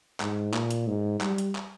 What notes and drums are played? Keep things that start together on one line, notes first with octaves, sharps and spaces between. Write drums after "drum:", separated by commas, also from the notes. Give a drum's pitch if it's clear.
G#2, drum: clap
A#2, drum: clap
drum: hi-hat
G#2
G3, drum: clap
drum: hi-hat
drum: clap